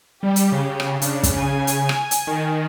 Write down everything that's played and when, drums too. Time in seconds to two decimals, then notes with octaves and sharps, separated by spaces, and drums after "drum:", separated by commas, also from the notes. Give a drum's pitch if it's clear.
0.23 G3 G4
0.36 drum: hi-hat
0.52 C#3
0.80 drum: rim click
1.02 C#3 D4, drum: hi-hat
1.23 drum: kick, hi-hat
1.39 G#5
1.67 drum: hi-hat
1.89 drum: rim click
2.11 drum: hi-hat
2.27 D#3